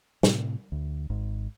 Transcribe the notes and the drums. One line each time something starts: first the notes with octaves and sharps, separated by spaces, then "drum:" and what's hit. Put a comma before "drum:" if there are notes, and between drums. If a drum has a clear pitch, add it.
A2 C3, drum: snare
D2
G#1 G#2